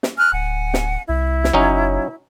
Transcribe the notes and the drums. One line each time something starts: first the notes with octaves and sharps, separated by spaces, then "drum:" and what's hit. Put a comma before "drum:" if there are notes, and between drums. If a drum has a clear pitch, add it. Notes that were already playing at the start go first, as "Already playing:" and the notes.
drum: snare
G#5 F6 F#6
D1 F#5 G#5
drum: snare
C2 E4
drum: snare
F#1 F#3 C#4 D#4